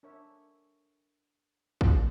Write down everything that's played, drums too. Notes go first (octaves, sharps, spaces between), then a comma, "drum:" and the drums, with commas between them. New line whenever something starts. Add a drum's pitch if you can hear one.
D4 A#4 C#5 E5
drum: kick